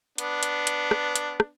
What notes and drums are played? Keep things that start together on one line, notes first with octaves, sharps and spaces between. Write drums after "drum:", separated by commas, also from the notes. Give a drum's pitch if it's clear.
B3 D4, drum: hi-hat
drum: hi-hat
drum: hi-hat
drum: rim click
drum: hi-hat
drum: rim click